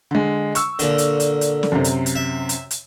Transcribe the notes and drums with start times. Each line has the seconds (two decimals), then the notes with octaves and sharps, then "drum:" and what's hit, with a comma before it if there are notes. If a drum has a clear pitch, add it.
0.11 D3 G#3
0.55 C#6 E6, drum: hi-hat
0.79 A#2 D3, drum: hi-hat
0.98 drum: hi-hat
1.20 drum: hi-hat
1.41 drum: hi-hat
1.63 drum: snare
1.72 F#2 C3
1.84 drum: hi-hat
2.06 drum: hi-hat
2.15 E5
2.49 drum: hi-hat
2.71 drum: hi-hat